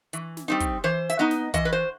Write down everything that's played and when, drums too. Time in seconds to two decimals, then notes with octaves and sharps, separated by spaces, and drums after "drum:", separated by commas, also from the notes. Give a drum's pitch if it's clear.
0.13 E3, drum: hi-hat
0.37 drum: snare
0.48 G3 C4 D#4
0.60 drum: kick, hi-hat
0.84 E3 C5
1.10 E5, drum: hi-hat
1.19 B3 D#4 D#5
1.31 drum: snare
1.54 E3 D#5, drum: kick, hi-hat
1.65 B4
1.72 C5